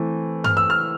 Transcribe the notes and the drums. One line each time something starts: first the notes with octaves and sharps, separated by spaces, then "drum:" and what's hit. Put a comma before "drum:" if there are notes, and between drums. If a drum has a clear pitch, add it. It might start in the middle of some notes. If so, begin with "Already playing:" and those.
Already playing: E3 A3 C4
F6, drum: tom G2
E6
F6